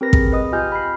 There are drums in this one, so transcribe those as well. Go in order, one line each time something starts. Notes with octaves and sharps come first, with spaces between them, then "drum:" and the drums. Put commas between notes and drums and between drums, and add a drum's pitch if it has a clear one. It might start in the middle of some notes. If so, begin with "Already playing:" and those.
C4 G4 A#4 B4 A#6
G#4, drum: kick
B4 D#5 D#6
F4 G4 D#5 G#5 F6 G6
B5 F6 C7